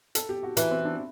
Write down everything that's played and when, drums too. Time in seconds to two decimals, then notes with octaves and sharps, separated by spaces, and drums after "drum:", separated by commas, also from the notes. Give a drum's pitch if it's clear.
0.15 A4, drum: hi-hat
0.29 G4
0.43 F#4
0.57 E3 E4, drum: hi-hat
0.71 C4
0.85 D4